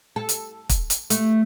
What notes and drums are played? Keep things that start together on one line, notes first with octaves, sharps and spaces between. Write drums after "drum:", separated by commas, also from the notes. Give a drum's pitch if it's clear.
A4
drum: hi-hat
drum: kick, hi-hat
drum: hi-hat
A3, drum: hi-hat